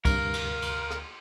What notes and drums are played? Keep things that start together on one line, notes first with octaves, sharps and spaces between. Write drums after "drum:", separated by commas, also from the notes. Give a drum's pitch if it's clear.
D2 G2 C3 A#4 F5, drum: kick C2, cymbal
drum: cymbal
drum: cymbal
drum: rim click